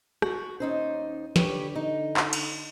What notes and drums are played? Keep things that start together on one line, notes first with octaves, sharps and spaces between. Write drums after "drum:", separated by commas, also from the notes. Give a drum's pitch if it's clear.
F#4, drum: rim click
D#2 C#4 D#4 C5
D3 G4 B4 C#5, drum: snare
D#4
drum: clap
drum: cymbal